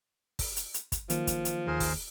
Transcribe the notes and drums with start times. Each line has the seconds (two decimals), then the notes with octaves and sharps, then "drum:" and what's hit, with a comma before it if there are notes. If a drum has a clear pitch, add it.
0.39 drum: kick, open hi-hat
0.57 drum: hi-hat
0.74 drum: hi-hat
0.92 drum: kick, hi-hat
1.10 D#3 F3 F#3 A#3, drum: hi-hat
1.27 drum: kick, hi-hat
1.45 drum: hi-hat
1.67 D#2 G#4 A#4 C5
1.80 drum: kick, open hi-hat